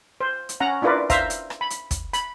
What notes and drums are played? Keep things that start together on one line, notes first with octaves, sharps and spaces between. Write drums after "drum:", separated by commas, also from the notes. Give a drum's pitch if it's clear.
C5
drum: hi-hat
C#4 F#5 A#5
D4 E4 F4 A#4 B4 D5
C5 E5 F5 A#5, drum: kick, hi-hat
drum: hi-hat
drum: rim click
B5
drum: hi-hat
drum: kick, hi-hat
B5, drum: hi-hat